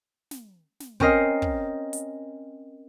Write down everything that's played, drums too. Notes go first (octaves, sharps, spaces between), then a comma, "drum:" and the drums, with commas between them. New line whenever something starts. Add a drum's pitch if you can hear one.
drum: snare
drum: snare
C4 C#4 A#4 D#5 C7, drum: kick
drum: kick
drum: hi-hat